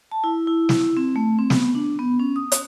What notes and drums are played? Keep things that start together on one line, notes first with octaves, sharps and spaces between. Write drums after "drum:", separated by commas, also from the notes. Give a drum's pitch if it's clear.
A5
E4
E4
drum: snare
C4
A3
C4
B3, drum: snare
D4
B3
C#4
D#6
drum: hi-hat